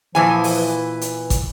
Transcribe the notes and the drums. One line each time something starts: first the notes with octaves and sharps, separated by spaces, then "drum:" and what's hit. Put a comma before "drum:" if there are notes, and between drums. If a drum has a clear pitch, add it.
A#2 E3 F3 G#5
drum: open hi-hat
B4
drum: hi-hat
drum: kick, hi-hat